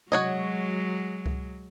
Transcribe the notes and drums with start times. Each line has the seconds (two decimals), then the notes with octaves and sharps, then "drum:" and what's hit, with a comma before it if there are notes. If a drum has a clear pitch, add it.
0.12 F#3 G#3 F#4 C#5 D#5, drum: tom
1.26 drum: kick C#2